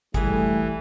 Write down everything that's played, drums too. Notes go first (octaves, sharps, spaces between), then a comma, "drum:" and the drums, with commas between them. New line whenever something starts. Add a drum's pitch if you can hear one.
E3 G3 A3 G#4, drum: kick